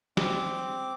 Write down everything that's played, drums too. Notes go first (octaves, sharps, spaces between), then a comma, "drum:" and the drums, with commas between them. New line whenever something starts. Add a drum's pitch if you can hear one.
C4 D6, drum: snare